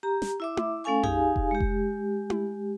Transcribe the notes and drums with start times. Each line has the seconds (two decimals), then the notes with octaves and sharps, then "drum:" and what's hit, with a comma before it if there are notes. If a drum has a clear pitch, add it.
0.03 G4 A#5
0.22 drum: snare
0.40 E4 E5 D6
0.57 drum: tom E4
0.84 A3 C#4 A4 F5 G#5 C#6
1.03 D#4 G4 G#4 F5 G#5, drum: tom F2
1.36 drum: kick F1
1.51 G#3 G4
1.60 drum: kick F1
2.30 drum: tom E4